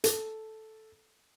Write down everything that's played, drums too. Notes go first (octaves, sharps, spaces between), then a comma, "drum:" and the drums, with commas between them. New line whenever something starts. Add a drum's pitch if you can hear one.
A4, drum: hi-hat